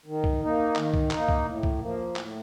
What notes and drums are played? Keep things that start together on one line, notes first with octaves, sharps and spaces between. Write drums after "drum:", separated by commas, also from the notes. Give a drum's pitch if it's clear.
D#3
drum: kick C2
A#3 D#4
D#3, drum: clap
drum: kick C2
A#3 D#4, drum: clap
drum: kick C2
A2
drum: kick C2
F3 A#3
A2, drum: clap